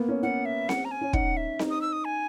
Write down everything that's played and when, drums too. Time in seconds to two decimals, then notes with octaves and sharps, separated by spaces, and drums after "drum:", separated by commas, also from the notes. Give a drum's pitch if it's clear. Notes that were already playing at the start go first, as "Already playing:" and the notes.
Already playing: A#3 B3
0.08 C#4
0.23 C#4 F#5
0.45 E5
0.69 F#5, drum: snare C4
0.85 A#5
0.91 G#5
1.01 C#4
1.13 D#4 F#5, drum: kick
1.37 E5
1.59 D#4, drum: snare C4
1.70 D#6
1.81 E6
1.93 D#6
2.05 G#5